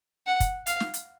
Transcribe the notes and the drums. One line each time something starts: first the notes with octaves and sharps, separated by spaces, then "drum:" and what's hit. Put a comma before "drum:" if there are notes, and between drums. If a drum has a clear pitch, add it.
F#5
drum: kick, hi-hat
F5, drum: hi-hat
drum: snare
drum: hi-hat